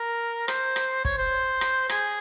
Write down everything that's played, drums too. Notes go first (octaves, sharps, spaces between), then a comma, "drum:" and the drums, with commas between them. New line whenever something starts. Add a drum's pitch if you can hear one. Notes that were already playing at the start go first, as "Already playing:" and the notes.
Already playing: A#4
C5, drum: rim click
drum: rim click
C#5, drum: kick
C5
drum: rim click
G#4, drum: rim click